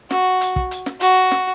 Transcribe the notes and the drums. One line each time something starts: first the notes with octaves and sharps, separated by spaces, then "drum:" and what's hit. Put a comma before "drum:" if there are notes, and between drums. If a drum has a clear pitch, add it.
F#4, drum: snare
drum: hi-hat
drum: kick
drum: hi-hat
drum: snare
F#4, drum: hi-hat
drum: snare